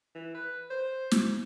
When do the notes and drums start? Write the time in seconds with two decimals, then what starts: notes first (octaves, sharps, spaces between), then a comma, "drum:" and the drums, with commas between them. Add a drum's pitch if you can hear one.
0.15 E3
0.34 B4
0.70 C5
1.11 drum: snare